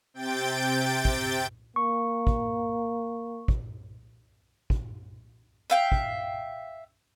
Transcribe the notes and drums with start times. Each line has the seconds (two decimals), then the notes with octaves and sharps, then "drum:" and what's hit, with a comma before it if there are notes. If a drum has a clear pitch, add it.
0.14 C3 G5 G6 A6 D7
1.05 drum: kick
1.76 A#3 C#6
2.27 drum: kick
3.48 drum: kick
4.70 drum: kick
5.70 E5 F5 G5
5.92 drum: kick